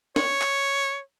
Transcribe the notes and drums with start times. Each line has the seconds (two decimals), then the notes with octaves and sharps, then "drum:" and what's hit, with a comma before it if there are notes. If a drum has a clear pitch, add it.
0.16 C#5, drum: snare
0.41 drum: clap